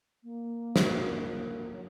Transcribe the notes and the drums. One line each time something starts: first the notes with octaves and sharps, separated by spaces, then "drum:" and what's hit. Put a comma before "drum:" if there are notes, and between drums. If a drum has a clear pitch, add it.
A#3
drum: snare
F#3